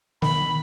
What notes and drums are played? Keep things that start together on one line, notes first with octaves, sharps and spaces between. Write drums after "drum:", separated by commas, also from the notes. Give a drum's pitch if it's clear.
D#3 B5, drum: snare